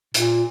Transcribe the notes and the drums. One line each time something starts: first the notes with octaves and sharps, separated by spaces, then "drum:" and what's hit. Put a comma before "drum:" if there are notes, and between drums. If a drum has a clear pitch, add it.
A#2, drum: hi-hat